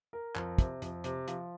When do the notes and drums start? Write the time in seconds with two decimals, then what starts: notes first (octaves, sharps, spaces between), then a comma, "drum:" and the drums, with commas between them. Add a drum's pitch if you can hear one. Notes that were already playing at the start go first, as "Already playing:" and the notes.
0.13 A#4
0.36 F2, drum: clap
0.58 C3, drum: kick, hi-hat
0.82 F2, drum: hi-hat
1.04 C3, drum: hi-hat
1.28 F3, drum: hi-hat